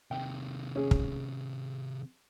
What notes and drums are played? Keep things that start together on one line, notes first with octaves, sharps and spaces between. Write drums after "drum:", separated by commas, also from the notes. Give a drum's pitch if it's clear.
C3 D#3 G5
C#4 G#4
drum: kick